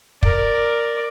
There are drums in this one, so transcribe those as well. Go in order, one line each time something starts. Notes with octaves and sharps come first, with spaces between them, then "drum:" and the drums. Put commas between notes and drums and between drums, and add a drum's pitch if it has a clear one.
A#4 D5, drum: kick